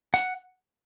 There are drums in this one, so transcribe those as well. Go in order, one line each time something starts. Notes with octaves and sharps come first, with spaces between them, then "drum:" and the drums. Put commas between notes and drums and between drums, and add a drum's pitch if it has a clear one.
F#5, drum: hi-hat